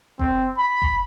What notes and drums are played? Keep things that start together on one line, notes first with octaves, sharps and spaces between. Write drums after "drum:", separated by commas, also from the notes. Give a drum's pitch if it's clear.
C4, drum: kick F#1
B5
drum: kick F#1